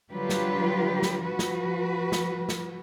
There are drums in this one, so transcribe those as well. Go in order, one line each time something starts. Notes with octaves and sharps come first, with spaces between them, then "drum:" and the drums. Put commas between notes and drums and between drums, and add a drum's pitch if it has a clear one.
D3 F#3 G3 F4 G4 B4
drum: snare
drum: snare
F3 F#4 B4
drum: snare
drum: snare
drum: snare